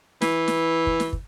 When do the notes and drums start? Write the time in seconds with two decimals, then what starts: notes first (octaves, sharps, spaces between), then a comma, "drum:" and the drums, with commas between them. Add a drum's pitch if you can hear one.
0.22 E3, drum: snare
0.48 drum: snare
0.87 drum: kick
1.00 drum: snare
1.13 drum: kick